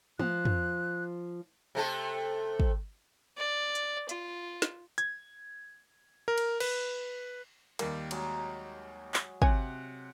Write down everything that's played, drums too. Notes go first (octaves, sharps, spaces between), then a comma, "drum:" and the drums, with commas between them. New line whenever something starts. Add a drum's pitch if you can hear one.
F3 F#6, drum: tom
drum: tom
C3 A3 A4
drum: kick
D5
drum: hi-hat
F4, drum: hi-hat
drum: snare
G#6, drum: hi-hat
A#4
drum: cymbal
B4, drum: cymbal
D#2 G3 A#3, drum: cymbal
F#3 G#3, drum: cymbal
drum: clap
C3 C#5 F#5 G#5, drum: kick